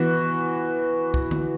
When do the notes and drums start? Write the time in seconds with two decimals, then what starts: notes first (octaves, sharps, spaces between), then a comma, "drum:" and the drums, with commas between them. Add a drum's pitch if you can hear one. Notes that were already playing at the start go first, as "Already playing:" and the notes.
Already playing: E3 B3 F#4
1.14 drum: kick
1.31 drum: tom D3